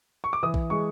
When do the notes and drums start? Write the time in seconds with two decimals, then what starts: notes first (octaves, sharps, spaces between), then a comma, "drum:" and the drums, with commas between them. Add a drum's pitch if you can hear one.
0.24 C#6
0.33 D6
0.43 E3 D#6
0.54 drum: kick A#1
0.70 G#3 C#6